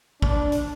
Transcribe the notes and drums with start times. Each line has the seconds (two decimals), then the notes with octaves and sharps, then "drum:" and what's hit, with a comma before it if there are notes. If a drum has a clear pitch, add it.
0.22 D4, drum: kick
0.52 drum: hi-hat